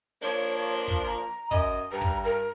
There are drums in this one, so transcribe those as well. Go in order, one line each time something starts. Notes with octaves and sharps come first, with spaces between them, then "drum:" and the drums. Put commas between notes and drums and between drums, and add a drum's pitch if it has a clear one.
F3 A#3 D4 C#5
drum: kick
A#5
F#2 D#5, drum: kick
G2 A#5
drum: kick
A#4